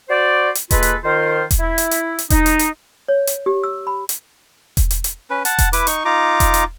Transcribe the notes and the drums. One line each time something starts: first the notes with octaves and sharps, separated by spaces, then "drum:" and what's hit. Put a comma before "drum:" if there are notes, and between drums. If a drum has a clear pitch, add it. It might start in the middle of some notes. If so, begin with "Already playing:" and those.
F#4 C5 D5
drum: hi-hat
G#3 A#3 F4 A4 B4, drum: kick E1, hi-hat
drum: hi-hat
D#3 F4 C5
drum: kick E1, hi-hat
E4
drum: hi-hat
drum: hi-hat
drum: hi-hat
D#4, drum: kick E1, hi-hat
drum: hi-hat
drum: hi-hat
C#5
drum: hi-hat
G4
E6
B5
drum: hi-hat
drum: kick E1, hi-hat
drum: hi-hat
drum: hi-hat
C#4 B4
F#5 A5, drum: hi-hat
drum: kick E1, hi-hat
E4 B4 D6, drum: hi-hat
D#4 C#6, drum: hi-hat
D#4 F4 A#5 D6
drum: kick E1, hi-hat
drum: hi-hat